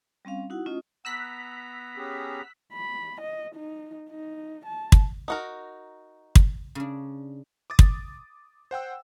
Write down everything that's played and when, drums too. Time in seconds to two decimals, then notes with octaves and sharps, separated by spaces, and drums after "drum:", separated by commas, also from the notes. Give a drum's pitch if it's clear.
0.25 G3 C4 C#4 F5
0.50 D#4 E4 F#4 F#5
0.66 A3 C#4 F4 D#5 D#6
1.05 B3 A#5 E6 F#6 B6
1.97 C#4 G4 G#4
2.73 B5
3.21 D#5
3.55 D#4
4.09 D#4
4.66 A5
4.92 drum: kick
5.28 D#4 F#4 A#4
6.35 drum: kick
6.75 C#3 D4
7.70 D6 D#6 A6
7.79 drum: kick
8.71 C5 F#5 G5 E6